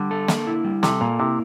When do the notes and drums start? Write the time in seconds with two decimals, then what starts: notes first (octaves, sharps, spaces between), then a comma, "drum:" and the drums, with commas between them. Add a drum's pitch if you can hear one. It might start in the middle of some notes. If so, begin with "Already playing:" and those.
Already playing: D3 G3
0.11 A4
0.28 A#3, drum: snare
0.47 E4
0.64 G3
0.83 C3 A4, drum: snare
1.01 A#2 A#3
1.19 C3 E4